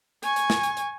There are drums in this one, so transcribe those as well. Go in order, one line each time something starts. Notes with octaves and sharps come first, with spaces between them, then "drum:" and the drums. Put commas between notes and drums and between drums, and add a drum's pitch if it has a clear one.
G#5 C#6, drum: hi-hat
drum: hi-hat
drum: snare
drum: hi-hat
drum: hi-hat